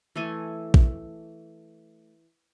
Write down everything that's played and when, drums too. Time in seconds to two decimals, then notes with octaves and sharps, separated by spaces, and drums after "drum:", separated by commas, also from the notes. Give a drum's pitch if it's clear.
0.16 E3 A3 A4 G#5
0.74 drum: kick A#1